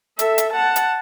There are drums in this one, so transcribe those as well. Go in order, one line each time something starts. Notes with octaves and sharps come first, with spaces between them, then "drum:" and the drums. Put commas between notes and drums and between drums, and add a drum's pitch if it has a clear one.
A4 E5, drum: hi-hat
drum: hi-hat
F#5 A5
drum: hi-hat